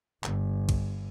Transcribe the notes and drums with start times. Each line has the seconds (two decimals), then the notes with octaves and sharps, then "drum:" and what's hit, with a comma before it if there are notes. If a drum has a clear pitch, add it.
0.24 G1, drum: clap
0.69 drum: kick A#1, cymbal